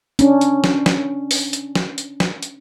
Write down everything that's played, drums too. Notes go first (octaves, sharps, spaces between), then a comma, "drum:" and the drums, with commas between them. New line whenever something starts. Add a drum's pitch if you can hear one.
C#4 D4, drum: hi-hat
drum: hi-hat
drum: snare
drum: snare
drum: open hi-hat
drum: hi-hat
drum: snare
drum: hi-hat
drum: snare
drum: hi-hat